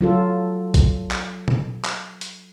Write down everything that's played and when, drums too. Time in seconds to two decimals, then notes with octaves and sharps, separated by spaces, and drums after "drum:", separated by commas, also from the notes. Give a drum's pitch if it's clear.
0.01 F#3 F4 A4
0.74 drum: kick A#1, hi-hat
1.11 drum: clap
1.48 drum: tom B2
1.85 drum: clap
2.21 drum: hi-hat